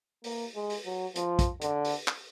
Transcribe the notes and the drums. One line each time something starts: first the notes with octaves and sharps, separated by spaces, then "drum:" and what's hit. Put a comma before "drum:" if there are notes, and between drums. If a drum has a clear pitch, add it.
A#3, drum: open hi-hat
G#3
drum: open hi-hat
F#3
F3, drum: hi-hat
drum: kick, hi-hat
D3, drum: hi-hat
drum: open hi-hat
drum: clap